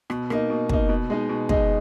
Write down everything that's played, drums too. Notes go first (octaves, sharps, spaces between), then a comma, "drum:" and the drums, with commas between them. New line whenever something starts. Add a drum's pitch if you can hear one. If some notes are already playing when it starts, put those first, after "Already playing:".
B2, drum: rim click
A#3 D#4, drum: rim click
B2
A#3 D#4, drum: kick
B2
G#3 D#4
B2
G#3 D#4, drum: kick